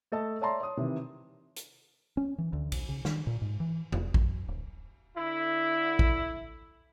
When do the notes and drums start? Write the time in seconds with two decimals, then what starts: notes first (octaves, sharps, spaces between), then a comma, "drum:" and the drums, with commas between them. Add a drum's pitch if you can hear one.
0.12 A3 A4 D#5 A5
0.41 C#5 D5 E5 A5 A#5 C6
0.61 C#5 D#6
0.77 C3 D#3 E3
1.56 drum: hi-hat
2.17 C#4
2.38 E3
2.53 D2
2.72 B1, drum: cymbal
2.89 C#3
3.05 D#3, drum: snare
3.27 A#2
3.42 G#2
3.60 E3
3.92 E1, drum: tom E2
4.14 F#2, drum: kick A1
4.48 D1
5.17 D3 E4
5.99 drum: kick A1